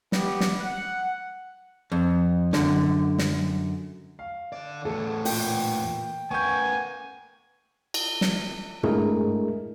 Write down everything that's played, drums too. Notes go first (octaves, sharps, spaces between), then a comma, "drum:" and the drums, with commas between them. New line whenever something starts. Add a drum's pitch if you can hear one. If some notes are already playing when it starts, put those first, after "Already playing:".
B3 G4, drum: snare
drum: snare
F#5
F2
F#2 D3, drum: snare
drum: snare
F5
D3 D5
E2 A2 A4
A#2 G5, drum: open hi-hat
B3 A#4 G#5 C#6 G6
drum: cymbal
drum: snare
G#3 A3 D4 E4 G#4 A#4, drum: tom